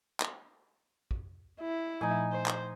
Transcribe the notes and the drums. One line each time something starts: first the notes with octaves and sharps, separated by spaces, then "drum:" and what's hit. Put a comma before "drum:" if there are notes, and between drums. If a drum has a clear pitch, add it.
drum: clap
drum: kick
E4
A#2 F3 A3 D#4 G#5
C5
drum: clap